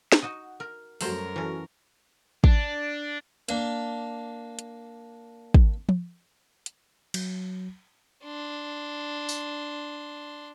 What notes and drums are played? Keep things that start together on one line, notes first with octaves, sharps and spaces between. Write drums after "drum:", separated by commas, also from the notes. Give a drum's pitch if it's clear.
drum: snare
D#4 F#4 D#5 F#5
A#4
F#2 F#3 G3 A3 F#4 A#4 C5, drum: open hi-hat
E3 C#4 F#4 A4
D4, drum: kick
A#3 D4, drum: hi-hat
drum: hi-hat
drum: kick
drum: tom F3
drum: hi-hat
F#3, drum: cymbal
D4 C6
drum: tambourine